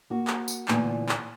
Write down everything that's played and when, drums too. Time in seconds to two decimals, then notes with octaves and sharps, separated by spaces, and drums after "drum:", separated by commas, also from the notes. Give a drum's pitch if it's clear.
0.10 A#3 F#4
0.27 drum: clap
0.48 drum: tambourine
0.68 D2 A#2 E3 B3 G#5, drum: clap
1.09 drum: clap